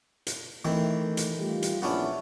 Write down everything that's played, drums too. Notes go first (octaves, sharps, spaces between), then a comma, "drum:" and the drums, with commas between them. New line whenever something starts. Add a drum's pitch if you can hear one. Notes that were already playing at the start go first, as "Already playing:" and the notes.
drum: hi-hat
D#3 E3 A3 C4
drum: hi-hat
G3 F4 G4
drum: hi-hat
A#1 B3 C#4 D4 E4 E5